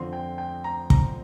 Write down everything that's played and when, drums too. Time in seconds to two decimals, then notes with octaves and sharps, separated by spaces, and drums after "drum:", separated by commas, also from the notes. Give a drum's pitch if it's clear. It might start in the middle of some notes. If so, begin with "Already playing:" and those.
Already playing: F2 D3 F3 C4 C6
0.13 G5
0.38 G5
0.64 A#5
0.90 A#5, drum: kick